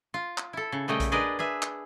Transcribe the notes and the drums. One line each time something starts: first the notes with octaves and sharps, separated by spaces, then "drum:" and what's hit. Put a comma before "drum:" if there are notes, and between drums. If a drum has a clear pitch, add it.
F4
drum: clap
E4 A4
C#3
A#2 C#3 G3 A3 D#5 G5
drum: kick A#1, hi-hat
D4 G#4 A#4 B4 D5 D#5
G#4 B4 E5
drum: clap